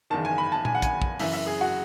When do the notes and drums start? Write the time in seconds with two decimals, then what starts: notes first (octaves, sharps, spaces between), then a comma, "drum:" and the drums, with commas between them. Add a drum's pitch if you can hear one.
0.10 F#1 E2 D#3 A5
0.25 G#5
0.38 B5
0.52 A5
0.65 G#5, drum: tom A#2
0.75 F#5
0.82 G#5, drum: kick, hi-hat
1.02 drum: kick
1.19 F#1 F#2 E3 E5, drum: open hi-hat
1.33 E5
1.47 G#4
1.61 F#4